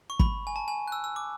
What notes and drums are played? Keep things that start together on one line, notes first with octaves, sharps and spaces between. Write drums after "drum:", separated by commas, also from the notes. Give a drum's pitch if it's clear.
C#6
B5, drum: kick
G#5
A5
G#5
F#6
E6
E6
D6